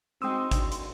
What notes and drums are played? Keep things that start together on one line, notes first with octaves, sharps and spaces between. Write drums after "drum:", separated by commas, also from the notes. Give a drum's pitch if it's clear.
G#3 C4 D#4 F#4 G5 C6 D#6 E6
D4 F#4, drum: kick, hi-hat
drum: hi-hat